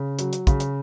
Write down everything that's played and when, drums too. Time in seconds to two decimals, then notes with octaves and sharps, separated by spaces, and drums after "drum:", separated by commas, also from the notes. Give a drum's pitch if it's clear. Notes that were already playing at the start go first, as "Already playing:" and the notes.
Already playing: C#3
0.19 F#3, drum: hi-hat
0.33 drum: hi-hat
0.47 C#3, drum: kick, hi-hat
0.60 drum: hi-hat